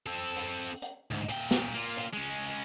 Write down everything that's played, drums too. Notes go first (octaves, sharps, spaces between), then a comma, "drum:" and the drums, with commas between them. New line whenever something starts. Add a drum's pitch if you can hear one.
C4 A4
drum: hi-hat
drum: open hi-hat
drum: hi-hat
D2 G#2
A#2 G5, drum: hi-hat
drum: snare
A#3 F4, drum: open hi-hat
drum: hi-hat
G#3 C#4
drum: open hi-hat